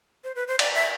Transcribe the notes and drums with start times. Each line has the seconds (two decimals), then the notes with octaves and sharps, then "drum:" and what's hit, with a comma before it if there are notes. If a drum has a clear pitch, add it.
0.24 C5
0.35 B4
0.48 C5
0.59 D5, drum: cymbal
0.75 E5